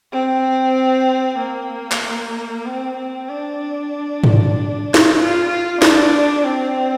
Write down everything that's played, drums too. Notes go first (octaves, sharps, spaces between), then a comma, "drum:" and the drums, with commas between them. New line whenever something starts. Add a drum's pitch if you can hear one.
C4
A#3
drum: clap
C4
C4
D4
drum: tom G#2
drum: snare
F4
F4
D4, drum: snare
C4